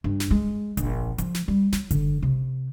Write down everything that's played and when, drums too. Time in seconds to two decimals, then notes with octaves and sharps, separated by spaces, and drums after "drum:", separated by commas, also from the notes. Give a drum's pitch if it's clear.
0.04 G2
0.20 drum: snare
0.31 G#3
0.77 A#1, drum: kick F#1, hi-hat
1.18 F3, drum: hi-hat
1.35 drum: snare
1.48 G3
1.72 F#3, drum: snare
1.91 D3, drum: kick F#1, hi-hat
2.22 C3